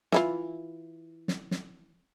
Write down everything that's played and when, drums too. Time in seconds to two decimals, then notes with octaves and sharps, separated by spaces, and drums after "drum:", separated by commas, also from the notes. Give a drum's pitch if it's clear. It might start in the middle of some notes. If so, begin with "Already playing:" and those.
0.12 E3 E4 F4, drum: snare
1.28 drum: snare
1.51 drum: snare